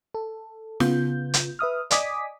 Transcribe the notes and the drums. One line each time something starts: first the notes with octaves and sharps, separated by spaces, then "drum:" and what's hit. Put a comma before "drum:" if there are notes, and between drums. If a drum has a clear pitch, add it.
A4
C#3 B3 F4 G6, drum: snare
drum: hi-hat
B4 E5 D#6 F6
D5 D#5 G#5 D6 D#6 B6, drum: hi-hat